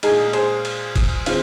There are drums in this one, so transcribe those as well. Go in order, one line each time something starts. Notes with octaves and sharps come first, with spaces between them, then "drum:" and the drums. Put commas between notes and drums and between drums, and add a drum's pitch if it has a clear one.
A#2 G#3 D#4 G#4, drum: cymbal
G#4 C5, drum: cymbal
drum: cymbal
drum: kick, cymbal
D#3 G#3 C4 F4, drum: cymbal